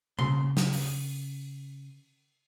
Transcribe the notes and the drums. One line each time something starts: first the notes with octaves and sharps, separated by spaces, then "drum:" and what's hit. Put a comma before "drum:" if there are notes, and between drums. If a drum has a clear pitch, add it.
C#3 C6, drum: tom B2
drum: snare
drum: open hi-hat